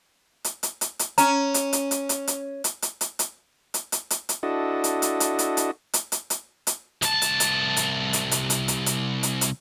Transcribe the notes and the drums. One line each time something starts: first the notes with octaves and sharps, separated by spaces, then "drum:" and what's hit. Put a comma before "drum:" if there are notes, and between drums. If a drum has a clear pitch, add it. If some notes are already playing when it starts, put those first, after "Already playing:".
drum: hi-hat
drum: hi-hat
drum: hi-hat
drum: hi-hat
C#4 A#5, drum: hi-hat
drum: hi-hat
drum: hi-hat
drum: hi-hat
drum: hi-hat
drum: hi-hat
drum: hi-hat
drum: hi-hat
drum: hi-hat
drum: hi-hat
drum: hi-hat
drum: hi-hat
drum: hi-hat
drum: hi-hat
D4 E4 F#4 A4 D#5
drum: hi-hat
drum: hi-hat
drum: hi-hat
drum: hi-hat
drum: hi-hat
drum: hi-hat
drum: hi-hat
drum: hi-hat
drum: hi-hat
C2 A5, drum: hi-hat
drum: hi-hat
drum: hi-hat
drum: hi-hat
drum: hi-hat
drum: hi-hat
drum: hi-hat
drum: hi-hat
drum: hi-hat
drum: hi-hat
drum: hi-hat